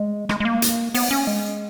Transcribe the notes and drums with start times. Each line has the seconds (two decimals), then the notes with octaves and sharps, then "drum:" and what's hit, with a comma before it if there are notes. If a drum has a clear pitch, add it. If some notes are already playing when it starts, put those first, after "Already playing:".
Already playing: G#3
0.29 G#3, drum: rim click
0.40 G#3
0.45 A#3
0.62 drum: hi-hat
0.94 B3, drum: open hi-hat
1.11 C#4
1.27 G#3